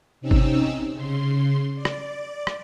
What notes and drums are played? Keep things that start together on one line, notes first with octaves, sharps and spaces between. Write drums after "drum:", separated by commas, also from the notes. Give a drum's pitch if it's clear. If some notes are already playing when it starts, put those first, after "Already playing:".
C3 C4 C#4 D#4 E6
drum: kick G1
C#3 C6
D5
drum: rim click
drum: rim click